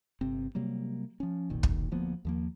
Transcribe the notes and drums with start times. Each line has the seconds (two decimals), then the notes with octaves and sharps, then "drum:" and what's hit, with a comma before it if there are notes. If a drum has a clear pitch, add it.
0.21 G1 C3 C4
0.55 C3 F#3 G3 A#3
1.20 F3 C#4
1.50 F1 B1 A#2 D#3
1.63 drum: kick
1.92 D2 F3 A#3 B3
2.25 D#2 F3 A#3